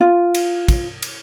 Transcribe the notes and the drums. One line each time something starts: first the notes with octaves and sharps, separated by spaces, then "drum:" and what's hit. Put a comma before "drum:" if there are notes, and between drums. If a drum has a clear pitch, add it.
F4
drum: cymbal
drum: kick, cymbal
drum: cymbal